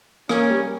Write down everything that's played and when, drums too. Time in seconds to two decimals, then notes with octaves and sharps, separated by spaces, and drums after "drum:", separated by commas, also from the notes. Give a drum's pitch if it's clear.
0.29 A#3 C#4, drum: rim click
0.50 G3